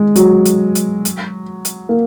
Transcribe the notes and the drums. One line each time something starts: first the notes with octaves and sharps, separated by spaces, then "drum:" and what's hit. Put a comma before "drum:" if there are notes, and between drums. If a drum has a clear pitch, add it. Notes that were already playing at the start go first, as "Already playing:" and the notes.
Already playing: G#3
F#3, drum: hi-hat
drum: hi-hat
drum: hi-hat
drum: hi-hat
drum: hi-hat
A#3